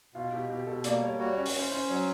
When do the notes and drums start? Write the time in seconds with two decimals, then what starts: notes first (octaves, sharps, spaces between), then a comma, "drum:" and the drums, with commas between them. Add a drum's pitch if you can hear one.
0.14 B2 F4
0.32 B2 G4
0.50 B2 G4
0.67 B2 A4
0.84 A#3 D5, drum: hi-hat
1.01 G3 C#5
1.19 F#4 C#5
1.33 C#5
1.37 C#4
1.46 C#5, drum: open hi-hat
1.55 C#4 C5
1.72 C#4 C5
1.89 F#3 C#5